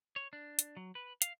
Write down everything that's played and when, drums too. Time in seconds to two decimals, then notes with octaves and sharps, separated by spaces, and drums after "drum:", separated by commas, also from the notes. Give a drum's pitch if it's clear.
0.16 C#5
0.33 D4
0.59 drum: hi-hat
0.77 F#3
0.95 B4
1.22 F5, drum: hi-hat